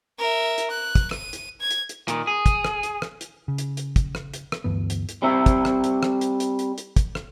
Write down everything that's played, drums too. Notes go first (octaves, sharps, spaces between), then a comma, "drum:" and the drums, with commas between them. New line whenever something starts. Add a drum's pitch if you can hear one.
A#4 E5
drum: hi-hat
F#6
drum: kick, hi-hat
D#7, drum: rim click
drum: hi-hat
G#6
drum: hi-hat
drum: hi-hat
A#2 D#3, drum: hi-hat
G#4
drum: kick, hi-hat
drum: rim click
drum: hi-hat
drum: rim click
drum: hi-hat
C#3
drum: hi-hat
drum: hi-hat
drum: kick, hi-hat
drum: rim click
drum: hi-hat
drum: rim click
D2 G2 E3 B3
drum: hi-hat
drum: hi-hat
G3 C4 E5
drum: kick, hi-hat
drum: rim click
drum: hi-hat
drum: rim click
drum: hi-hat
drum: hi-hat
drum: hi-hat
drum: hi-hat
drum: kick, hi-hat
drum: rim click